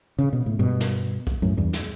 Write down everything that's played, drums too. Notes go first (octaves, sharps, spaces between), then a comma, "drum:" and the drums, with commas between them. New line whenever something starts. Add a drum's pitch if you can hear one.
C#3
B2
A2
G2 B2
drum: snare
drum: kick B1
F#2 A2
E2 G2
drum: snare